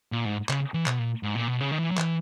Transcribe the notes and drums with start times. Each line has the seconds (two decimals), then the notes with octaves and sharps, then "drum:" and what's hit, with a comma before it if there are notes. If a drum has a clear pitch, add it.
0.12 A#2
0.25 G#2
0.49 C#3, drum: clap
0.74 E3
0.86 B2, drum: clap
0.99 A#2
1.23 G#2
1.35 A#2
1.48 B2
1.61 C#3
1.71 D#3
1.78 E3
1.91 F#3
1.98 E3, drum: clap